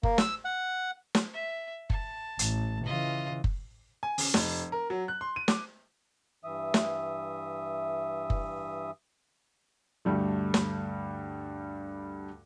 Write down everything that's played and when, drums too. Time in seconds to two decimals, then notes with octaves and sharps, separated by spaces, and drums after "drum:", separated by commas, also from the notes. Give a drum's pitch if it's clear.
0.03 A#3, drum: kick F#1
0.18 E6, drum: snare
0.45 F#5
1.15 drum: snare
1.33 E5
1.90 A5, drum: kick F#1
2.39 A1, drum: hi-hat
2.86 C#3 E3 F4 D#5
3.44 drum: kick F#1
4.03 G#5
4.18 C#3, drum: open hi-hat
4.34 F1, drum: snare
4.72 A#4
4.90 F#3
5.08 F#6
5.21 C6
5.36 D#7
5.48 D6, drum: snare
6.44 G2 E3 E5 D#6
6.74 drum: snare
8.30 drum: kick F#1
10.05 D2 G2 G3 A3
10.54 drum: snare